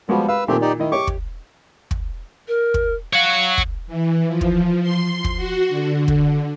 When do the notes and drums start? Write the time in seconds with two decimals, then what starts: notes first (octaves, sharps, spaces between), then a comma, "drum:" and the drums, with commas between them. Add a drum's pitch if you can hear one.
0.09 F3 G3 G#3 B3 F#4 G4
0.29 B4 F5 E6
0.48 A#2 D#3 A3 C4 G4
0.62 D#4 G4 D5
0.80 D#3 E4 D#5
0.92 G4 C#5 C#6 D6
1.07 drum: kick
1.91 drum: kick
2.48 A#4
2.74 drum: kick
3.13 C#5 F5 F#5
3.58 drum: kick
3.87 E3
4.27 F3
4.41 drum: kick
4.82 C6
5.24 drum: kick
5.37 F#4
5.69 D3
6.08 drum: kick